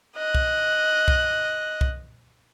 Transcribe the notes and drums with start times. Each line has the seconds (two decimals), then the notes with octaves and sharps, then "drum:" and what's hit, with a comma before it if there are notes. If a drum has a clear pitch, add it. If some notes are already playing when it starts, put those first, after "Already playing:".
0.16 D#5 F#6
0.35 drum: kick C2
1.08 drum: kick C2
1.81 drum: kick C2